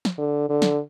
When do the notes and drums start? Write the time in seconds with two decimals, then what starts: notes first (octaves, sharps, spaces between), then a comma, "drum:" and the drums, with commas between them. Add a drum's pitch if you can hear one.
0.05 drum: snare
0.18 D3
0.49 D3
0.62 drum: snare